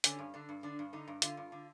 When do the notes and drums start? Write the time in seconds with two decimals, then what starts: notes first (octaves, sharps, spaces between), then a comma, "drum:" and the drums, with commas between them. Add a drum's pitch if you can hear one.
0.04 D3 C#4, drum: hi-hat
0.19 G2
0.34 D3 D4
0.49 G2
0.63 D3 D4
0.79 G2
0.93 D3 D#4
1.08 G2
1.22 D3 F4, drum: hi-hat
1.37 G2
1.52 D3